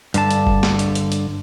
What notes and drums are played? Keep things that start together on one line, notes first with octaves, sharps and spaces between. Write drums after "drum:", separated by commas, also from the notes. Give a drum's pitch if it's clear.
G2 D3 A5, drum: hi-hat
drum: hi-hat
drum: kick F#1
drum: snare
drum: hi-hat
drum: hi-hat
drum: hi-hat